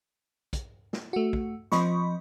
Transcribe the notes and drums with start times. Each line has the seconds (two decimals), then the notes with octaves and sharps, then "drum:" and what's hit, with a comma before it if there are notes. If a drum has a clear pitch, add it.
0.53 drum: kick, hi-hat
0.93 drum: snare
1.13 A3 F#4
1.33 drum: kick
1.72 F3 C4 D#5 B5 C#6, drum: snare